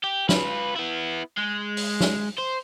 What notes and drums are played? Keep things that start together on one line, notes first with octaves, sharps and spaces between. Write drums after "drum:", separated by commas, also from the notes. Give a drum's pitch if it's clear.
G4
F4 B4, drum: snare
B3 E4
G#3
drum: open hi-hat
drum: snare
C5